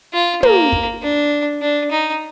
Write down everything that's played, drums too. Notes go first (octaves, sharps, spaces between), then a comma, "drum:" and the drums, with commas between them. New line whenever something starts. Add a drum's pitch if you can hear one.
F4
A#3, drum: tom
drum: kick
D4
D4
D#4